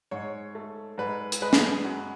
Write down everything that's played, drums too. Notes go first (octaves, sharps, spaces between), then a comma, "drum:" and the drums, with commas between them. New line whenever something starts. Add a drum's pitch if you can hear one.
G#2 C#5
A3
G#2 B4
drum: hi-hat
G#3 B4
drum: snare
F#2